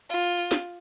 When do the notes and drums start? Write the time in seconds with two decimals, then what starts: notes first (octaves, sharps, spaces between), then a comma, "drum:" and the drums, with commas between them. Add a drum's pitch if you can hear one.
0.10 F4, drum: hi-hat
0.24 drum: hi-hat
0.38 drum: open hi-hat
0.51 drum: snare